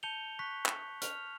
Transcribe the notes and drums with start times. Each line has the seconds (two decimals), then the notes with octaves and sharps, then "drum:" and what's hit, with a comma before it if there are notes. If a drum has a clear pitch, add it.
0.03 A5 G6 C#7 F7 G7
0.39 C#6 F#6 B6
0.66 drum: clap
1.02 F6 F7, drum: hi-hat